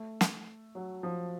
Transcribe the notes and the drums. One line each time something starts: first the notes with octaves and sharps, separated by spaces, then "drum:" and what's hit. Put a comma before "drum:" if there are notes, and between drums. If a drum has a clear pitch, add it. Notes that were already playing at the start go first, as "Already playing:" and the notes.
Already playing: A3
drum: snare
F#3
F3